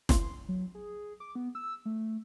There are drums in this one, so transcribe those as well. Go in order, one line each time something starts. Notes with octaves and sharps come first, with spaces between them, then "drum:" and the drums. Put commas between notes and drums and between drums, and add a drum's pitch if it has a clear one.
C6, drum: snare
F#3
G#4
D6
B3
E6
A3